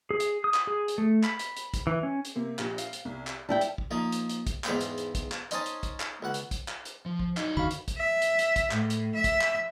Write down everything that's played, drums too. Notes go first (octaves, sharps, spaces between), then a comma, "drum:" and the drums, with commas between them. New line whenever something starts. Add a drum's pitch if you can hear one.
G#4
drum: hi-hat
D#6
drum: clap
G#4
drum: hi-hat
A3
B5, drum: clap
drum: hi-hat
drum: hi-hat
drum: kick, hi-hat
E3
C#4
drum: hi-hat
C3 A#3
A#1 G4, drum: clap
F5, drum: hi-hat
drum: hi-hat
C2
drum: clap
G3 E4 G5 A5
drum: hi-hat
drum: kick
F3 A#3 D#4
drum: hi-hat
drum: hi-hat
drum: kick, hi-hat
E2 G#2 C5 F5 G5 B5, drum: clap
drum: hi-hat
drum: hi-hat
drum: kick, hi-hat
drum: clap
C#4 D#4 C5 D#5 G#5 A5, drum: hi-hat
drum: hi-hat
drum: kick, hi-hat
drum: clap
C#2 F#5
drum: hi-hat
drum: kick, hi-hat
drum: clap
drum: hi-hat
F3
drum: kick
F#3 D#4 E4 D#5, drum: clap
F#1 D#2 D3 F#4 F5 B5
drum: hi-hat
drum: kick, hi-hat
E5
drum: hi-hat
drum: hi-hat
drum: kick, hi-hat
A2, drum: clap
drum: hi-hat
E5
drum: kick, hi-hat
drum: clap